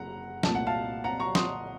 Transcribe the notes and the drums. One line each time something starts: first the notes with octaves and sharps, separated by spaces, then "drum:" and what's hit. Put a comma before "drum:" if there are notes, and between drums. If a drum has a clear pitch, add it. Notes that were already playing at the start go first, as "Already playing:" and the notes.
Already playing: F#1 F#2 F#5 A#5
C2 A#2 A3 A5, drum: snare
F#5
F5 A5
F#5 A#5
A#5 C#6
C6 D#6, drum: snare